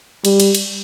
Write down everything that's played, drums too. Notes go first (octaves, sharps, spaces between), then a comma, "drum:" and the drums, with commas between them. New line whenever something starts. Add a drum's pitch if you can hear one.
G3, drum: cymbal
drum: cymbal
drum: cymbal